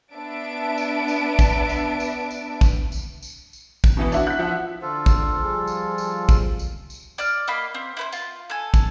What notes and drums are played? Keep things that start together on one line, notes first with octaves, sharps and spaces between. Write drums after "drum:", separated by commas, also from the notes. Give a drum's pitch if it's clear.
B3 D4 E5 A5 D7
drum: tambourine
drum: tambourine
drum: kick, tambourine
drum: tambourine
drum: tambourine
drum: tambourine
drum: kick, tambourine
drum: tambourine
drum: tambourine
drum: tambourine
drum: kick, tambourine
B2 E3 B3
D4 E4 F#4, drum: tambourine
F#6 B6
F3 E5 F#5
D3 F4 A4 C5
drum: kick, tambourine
F3 G3 G#4
drum: tambourine
drum: tambourine
drum: kick, tambourine
drum: tambourine
drum: tambourine
D5 F6, drum: tambourine
A#3 D#5 F5 B5
C4
E4 B4 C5
F4, drum: tambourine
A4 G#5
drum: kick, tambourine